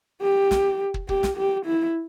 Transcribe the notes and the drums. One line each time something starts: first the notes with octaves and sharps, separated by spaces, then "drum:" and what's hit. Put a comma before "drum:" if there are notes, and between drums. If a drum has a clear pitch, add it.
G4
drum: snare
drum: kick
G4, drum: kick
drum: snare
G4
E4